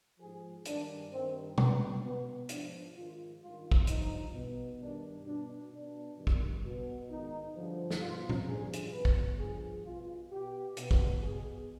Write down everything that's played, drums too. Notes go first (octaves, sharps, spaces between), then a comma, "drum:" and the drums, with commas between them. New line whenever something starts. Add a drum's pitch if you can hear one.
G#2 F3 G#4
G2 D#3 D4, drum: hi-hat
G2 D#3 C4
B2 B3, drum: tom
B2 B3
G#2 F3 D4, drum: hi-hat
G#2 D#3 F4
G2 D#3 F4
drum: kick
G2 F3 D#4, drum: hi-hat
B2
G2 D#3 D4
B2 D4
B2 D4
G2 D#3
drum: kick
B2
G#2 D#3 D#4
G2 D3 F3
drum: snare
B2 F4
drum: tom A2
G2 D3 F3 G#4
drum: hi-hat
B2 B4
drum: kick
G2 D3 F3 G#4
B2 F4
B2 G4
B2, drum: hi-hat
drum: kick
B2 G#4